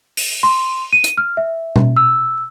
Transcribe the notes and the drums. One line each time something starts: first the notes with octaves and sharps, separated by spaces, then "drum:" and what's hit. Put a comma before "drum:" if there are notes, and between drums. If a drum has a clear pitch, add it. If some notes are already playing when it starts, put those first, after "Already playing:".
drum: open hi-hat
C6
D#7
drum: hi-hat
F6
E5
drum: tom B2
E6